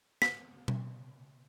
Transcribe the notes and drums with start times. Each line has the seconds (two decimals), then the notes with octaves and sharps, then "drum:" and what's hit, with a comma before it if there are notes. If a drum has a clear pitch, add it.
0.22 B6, drum: snare
0.68 drum: tom B2